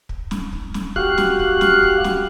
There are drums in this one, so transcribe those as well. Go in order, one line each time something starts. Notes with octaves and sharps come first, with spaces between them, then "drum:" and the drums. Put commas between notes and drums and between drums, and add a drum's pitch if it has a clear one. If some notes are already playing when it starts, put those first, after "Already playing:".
drum: kick
drum: snare
drum: kick
drum: snare
F#4 G4 F5 F#6, drum: kick
drum: snare
drum: kick
drum: snare
drum: kick
drum: snare